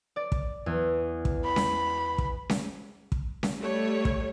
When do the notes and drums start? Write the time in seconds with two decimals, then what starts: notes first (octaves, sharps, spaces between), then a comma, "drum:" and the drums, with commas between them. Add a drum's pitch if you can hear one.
0.16 D5
0.32 drum: kick
0.66 E2
1.25 drum: kick
1.44 B5
1.56 drum: snare C#4
2.18 drum: kick
2.50 drum: snare C#4
3.12 drum: kick
3.43 drum: snare C#4
3.60 G3 A3 C#5
4.05 drum: kick